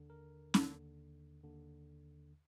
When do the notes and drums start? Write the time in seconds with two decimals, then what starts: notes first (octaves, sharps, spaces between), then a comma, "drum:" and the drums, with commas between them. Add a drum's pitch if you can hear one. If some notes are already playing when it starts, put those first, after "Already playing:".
Already playing: D#2 D3
0.10 A#4
0.54 D#2 D3, drum: snare C#4
1.44 D#2 D3